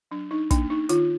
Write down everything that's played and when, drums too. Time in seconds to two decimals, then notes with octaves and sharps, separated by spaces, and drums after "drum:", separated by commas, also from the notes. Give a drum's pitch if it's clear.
0.11 F#3 D4
0.31 D#4
0.51 A#3 D4, drum: kick, hi-hat
0.70 D#4
0.89 D#3 F4, drum: hi-hat